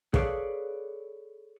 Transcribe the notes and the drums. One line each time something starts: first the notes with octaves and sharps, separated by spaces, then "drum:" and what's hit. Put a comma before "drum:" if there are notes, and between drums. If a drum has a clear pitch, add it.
G#4 A4 B4 C#5 D5 F5, drum: kick